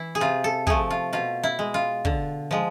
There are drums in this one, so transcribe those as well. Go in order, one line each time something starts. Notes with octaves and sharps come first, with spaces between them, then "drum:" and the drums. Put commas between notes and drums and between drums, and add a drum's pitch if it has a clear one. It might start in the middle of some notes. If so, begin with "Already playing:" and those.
Already playing: E3 E4
G#4
C3 F4
A4
F3 A3 G#4, drum: kick
F4
B2 F4
E4
G#3
F4
D3, drum: kick
F3 G#3